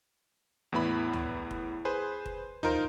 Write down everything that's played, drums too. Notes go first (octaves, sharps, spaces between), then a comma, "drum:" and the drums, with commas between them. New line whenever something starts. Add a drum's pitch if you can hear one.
E2 A2 B3 E4 B5
drum: tom
drum: kick
G#4 B4 C5
drum: kick
D#4 F4 A#4 C5, drum: tom